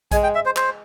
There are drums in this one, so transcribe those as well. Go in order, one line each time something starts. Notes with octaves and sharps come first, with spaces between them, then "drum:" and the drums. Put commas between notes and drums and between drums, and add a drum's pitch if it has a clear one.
G#3 G#5, drum: kick A#1, hi-hat
G5
E5
C5
C5, drum: clap